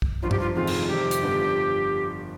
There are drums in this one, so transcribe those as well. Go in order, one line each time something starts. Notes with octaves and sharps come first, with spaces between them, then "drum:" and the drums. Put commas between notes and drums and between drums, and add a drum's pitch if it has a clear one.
drum: kick
G#1 G2 F3 F4
G4, drum: tom G2
F4
F1 F2 D#3 G#3 C4 F4
drum: cymbal
F2 C3 D#3 G3 G4
drum: hi-hat
G1 G2 D3 F3 B3